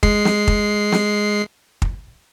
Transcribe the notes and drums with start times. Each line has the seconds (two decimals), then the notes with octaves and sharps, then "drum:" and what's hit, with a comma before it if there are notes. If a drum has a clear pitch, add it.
0.03 G#3 C7, drum: kick
0.25 drum: snare
0.48 drum: kick
0.92 drum: snare
1.82 drum: kick